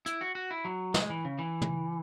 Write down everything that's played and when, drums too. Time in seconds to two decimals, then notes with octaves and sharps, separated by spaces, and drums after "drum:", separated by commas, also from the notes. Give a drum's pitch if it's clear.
0.06 E4, drum: hi-hat
0.21 F#4
0.35 F#4
0.51 E4
0.65 F#3
0.94 G#3, drum: snare
1.10 E3
1.25 C#3
1.39 E3
1.62 drum: tom